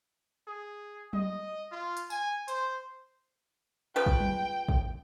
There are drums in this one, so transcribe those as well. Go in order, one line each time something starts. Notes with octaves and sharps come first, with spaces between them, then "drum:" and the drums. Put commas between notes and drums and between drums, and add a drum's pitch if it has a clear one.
G#4
D#5, drum: tom F#3
F4
drum: hi-hat
G#5, drum: tambourine
C5, drum: hi-hat
C#3 F3 B4 G5
drum: kick
drum: tom F#3
drum: kick